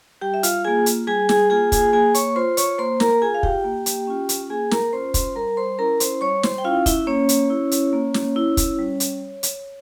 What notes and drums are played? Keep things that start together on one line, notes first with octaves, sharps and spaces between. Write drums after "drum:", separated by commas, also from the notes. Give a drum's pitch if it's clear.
G3 G4 G5
E5
F4 F5, drum: hi-hat
A#3 F4 G#4 G#5
drum: hi-hat
G3 G#4 G#5
G#4 G#5, drum: snare
A#3 F4 G#4 G#5
G#4 G#5, drum: kick, hi-hat
A#3 G#4 G#5
C#5 C#6, drum: hi-hat
F4 C5 C6
C#5 C#6, drum: hi-hat
A#3 C5 C6
A#4 A#5, drum: snare
A#5
F4 G#4 G#5
F5
G4 G5, drum: kick
A#3
drum: hi-hat
C#4 F4
drum: hi-hat
A#3 G#4 G#5
A#4 A#5, drum: snare
C#4 F4 C5 C6
C5 C6, drum: kick, hi-hat
G3 A#4 A#5
C5 C6
C#4 E4 A#4 A#5
C5 C6, drum: hi-hat
G3 C#5 C#6
C5 C6, drum: snare
G5
C#4 E4 F4 F5
E4 E5, drum: kick, hi-hat
A#3 C#4 C#5
drum: hi-hat
E4
drum: hi-hat
A#3
drum: snare
E4
drum: kick, hi-hat
G3
drum: hi-hat
drum: hi-hat